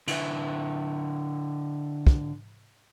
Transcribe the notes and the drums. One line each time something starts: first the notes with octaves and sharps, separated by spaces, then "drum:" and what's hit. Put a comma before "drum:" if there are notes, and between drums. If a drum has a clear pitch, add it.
D3 E4 B4 E5, drum: cymbal
drum: kick